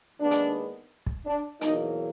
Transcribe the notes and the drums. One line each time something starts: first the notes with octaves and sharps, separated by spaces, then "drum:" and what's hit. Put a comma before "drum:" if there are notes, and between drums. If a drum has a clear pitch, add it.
D#2 D#3 G#3 B3 D4
drum: hi-hat
drum: kick
D4
E2 B2 F#3 A#3 D#4, drum: hi-hat